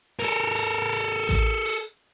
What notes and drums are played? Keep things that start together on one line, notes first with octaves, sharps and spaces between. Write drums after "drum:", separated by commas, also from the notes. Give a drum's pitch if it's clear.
A4 A#4, drum: open hi-hat
drum: open hi-hat
drum: hi-hat
drum: kick A1, hi-hat
drum: open hi-hat